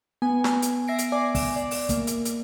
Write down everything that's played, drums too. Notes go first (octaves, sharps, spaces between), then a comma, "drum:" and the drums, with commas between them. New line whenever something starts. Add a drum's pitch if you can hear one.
B3 G#5
drum: snare
drum: hi-hat
E5 A#6 C7 D7
drum: hi-hat
D5 G#5 D6
drum: kick, open hi-hat
D5
drum: open hi-hat
A#3, drum: kick, hi-hat
drum: hi-hat
drum: hi-hat